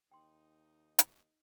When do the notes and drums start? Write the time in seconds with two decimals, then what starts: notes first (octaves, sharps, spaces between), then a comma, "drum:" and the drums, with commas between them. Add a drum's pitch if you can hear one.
0.12 D#2 D#4 G5 C6
0.99 drum: hi-hat